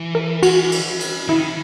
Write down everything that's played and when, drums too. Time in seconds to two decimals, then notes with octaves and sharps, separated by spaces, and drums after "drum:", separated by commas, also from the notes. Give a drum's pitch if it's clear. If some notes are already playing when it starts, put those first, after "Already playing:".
Already playing: E3
0.15 A#4
0.43 F#4, drum: cymbal
0.72 drum: cymbal
1.00 drum: cymbal
1.28 D#3 E4